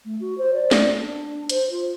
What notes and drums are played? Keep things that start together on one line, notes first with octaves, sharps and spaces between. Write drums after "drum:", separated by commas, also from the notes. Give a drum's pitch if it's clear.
A3
F#4
C5
D5
D5, drum: snare
D4
C5, drum: hi-hat
F4